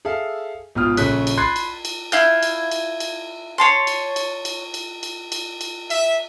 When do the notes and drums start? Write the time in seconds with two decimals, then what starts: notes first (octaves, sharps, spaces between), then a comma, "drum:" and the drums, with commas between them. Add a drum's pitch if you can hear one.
0.05 G#4 A4 E5 F5
0.75 G#1 B2 F4 D#6 F6
0.97 A#1 C#3 C#4 A4 F#6 B6, drum: cymbal
1.27 drum: cymbal
1.37 B5 C6 F#6 G#6 A6 C7
1.56 drum: cymbal
1.85 drum: cymbal
2.12 E4 F5 G6, drum: cymbal
2.43 drum: cymbal
2.71 drum: cymbal
3.00 drum: cymbal
3.58 C#5 A5 C6
3.87 drum: cymbal
4.16 drum: cymbal
4.45 drum: cymbal
4.74 drum: cymbal
5.03 drum: cymbal
5.32 drum: cymbal
5.61 drum: cymbal
5.90 E5, drum: cymbal